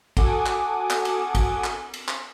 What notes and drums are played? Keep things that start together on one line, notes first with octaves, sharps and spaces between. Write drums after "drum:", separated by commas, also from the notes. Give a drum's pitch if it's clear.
F#4 A4 F#5 G#5 D6 D#6, drum: kick, cymbal
drum: clap
drum: clap
drum: cymbal
drum: kick, cymbal
drum: clap
drum: cymbal
drum: clap